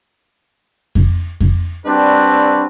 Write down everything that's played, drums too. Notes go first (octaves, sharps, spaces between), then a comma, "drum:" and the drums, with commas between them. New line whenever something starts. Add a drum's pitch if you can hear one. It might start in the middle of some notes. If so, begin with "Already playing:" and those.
drum: kick F2
drum: kick F2
G3 C4 D4 F#4 B4 C#5